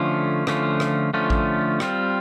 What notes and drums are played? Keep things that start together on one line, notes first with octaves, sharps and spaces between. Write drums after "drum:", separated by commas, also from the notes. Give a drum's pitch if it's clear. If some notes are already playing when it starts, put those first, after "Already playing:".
Already playing: D3 F3 A3 C#4 F4
D3 F3 A3 C#4 F4, drum: rim click
drum: rim click
D3 F3 A3 C#4 F4
drum: kick A1
G3 C4 F4, drum: rim click